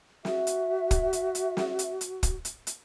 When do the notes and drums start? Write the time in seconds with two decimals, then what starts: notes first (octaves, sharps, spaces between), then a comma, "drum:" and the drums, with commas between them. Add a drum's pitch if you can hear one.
0.25 F#4 E5, drum: snare
0.47 drum: hi-hat
0.91 drum: kick, hi-hat
1.13 drum: hi-hat
1.35 drum: hi-hat
1.57 drum: snare
1.79 drum: hi-hat
2.01 drum: hi-hat
2.23 drum: kick, hi-hat
2.45 drum: hi-hat
2.67 drum: hi-hat